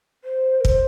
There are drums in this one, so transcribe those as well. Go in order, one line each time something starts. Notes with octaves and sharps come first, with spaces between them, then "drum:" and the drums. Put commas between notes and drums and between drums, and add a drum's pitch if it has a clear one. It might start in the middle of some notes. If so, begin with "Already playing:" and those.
C5
A#4
C5, drum: kick